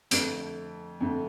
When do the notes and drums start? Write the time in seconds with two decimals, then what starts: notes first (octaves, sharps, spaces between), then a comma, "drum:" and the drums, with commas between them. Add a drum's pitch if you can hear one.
0.11 F2 D3 A3, drum: hi-hat
1.00 F2 D3 A3